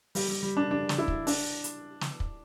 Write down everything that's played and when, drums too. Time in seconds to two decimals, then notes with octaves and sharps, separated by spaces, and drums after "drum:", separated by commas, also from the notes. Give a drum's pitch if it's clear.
0.15 G3, drum: open hi-hat
0.28 G3
0.43 G3
0.57 D4
0.71 D4
0.89 drum: snare
0.98 E4
1.08 drum: kick
1.27 D4, drum: open hi-hat
1.64 drum: hi-hat
2.01 drum: snare
2.20 drum: kick